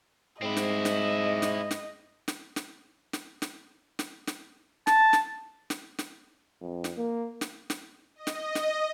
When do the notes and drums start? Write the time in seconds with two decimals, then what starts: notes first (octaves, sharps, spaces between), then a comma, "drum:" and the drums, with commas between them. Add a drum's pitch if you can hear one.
0.42 G#2 C4 E4 D#5
0.57 drum: snare
0.85 drum: snare
1.42 drum: snare
1.71 drum: snare
2.28 drum: snare
2.56 drum: snare
3.13 drum: snare
3.42 drum: snare
3.99 drum: snare
4.27 drum: snare
4.87 A5, drum: snare
5.13 drum: snare
5.70 drum: snare
5.99 drum: snare
6.61 F2
6.84 drum: snare
6.97 A#3
7.41 drum: snare
7.70 drum: snare
8.16 D#5
8.27 drum: snare
8.55 drum: snare